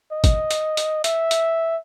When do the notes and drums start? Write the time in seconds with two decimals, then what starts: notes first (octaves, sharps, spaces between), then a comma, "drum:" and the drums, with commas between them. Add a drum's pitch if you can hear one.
0.12 D#5
0.24 drum: kick G1, hi-hat
0.51 drum: hi-hat
0.77 drum: hi-hat
1.04 E5, drum: hi-hat
1.31 drum: hi-hat